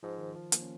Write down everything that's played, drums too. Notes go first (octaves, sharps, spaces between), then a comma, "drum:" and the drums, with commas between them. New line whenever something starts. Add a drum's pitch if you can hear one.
G#2 F3
D#3
F3
A#3, drum: hi-hat
C#4